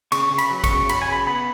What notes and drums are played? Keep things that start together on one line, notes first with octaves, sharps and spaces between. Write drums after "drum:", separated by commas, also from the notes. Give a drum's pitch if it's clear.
C#3 C#6, drum: cymbal
C#3
B5, drum: cymbal
F#3
C#6, drum: kick G#1, cymbal
C#3
F#3 B5, drum: cymbal
G#5
C#3 B5
B3 B5